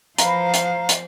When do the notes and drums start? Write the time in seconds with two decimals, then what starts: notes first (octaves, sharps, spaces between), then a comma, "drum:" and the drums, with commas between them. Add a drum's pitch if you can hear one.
0.18 E3 F3 B4 C5 F5 A#5, drum: hi-hat
0.54 drum: hi-hat
0.89 drum: hi-hat